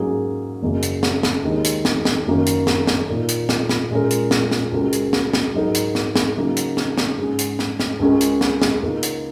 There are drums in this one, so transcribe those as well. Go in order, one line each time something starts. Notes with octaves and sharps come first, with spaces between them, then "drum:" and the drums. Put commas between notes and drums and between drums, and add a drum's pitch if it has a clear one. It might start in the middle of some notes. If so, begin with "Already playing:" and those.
Already playing: G#2 F#3 A#3 C#4 G#4
F#1 F#2 C#3 A#3
drum: hi-hat
drum: snare
drum: snare
D#2 D#3 G#3 D#4
drum: hi-hat
drum: snare
drum: snare
F#1 F#2 D#3 A#3 C#4
drum: hi-hat
drum: snare
drum: snare
A#2 A#3 D#4 A#4
drum: hi-hat
drum: snare
drum: snare
A#2 G#3 C#4 A#4
drum: hi-hat
drum: snare
drum: snare
C#2 C#3 G#3 F#4 A#4
drum: hi-hat
drum: snare
drum: snare
G#2 F#3 D#4 A#4
drum: hi-hat
drum: snare
drum: snare
C#3 F#3 A#3 D#4
drum: hi-hat
drum: snare
drum: snare
G#2 G#3 C#4 G#4
drum: hi-hat
drum: snare
drum: snare
C#2 C#3 G#3 C#4 A#4
drum: hi-hat
drum: snare
drum: snare
C#2 C#3 A#3 D#4
drum: hi-hat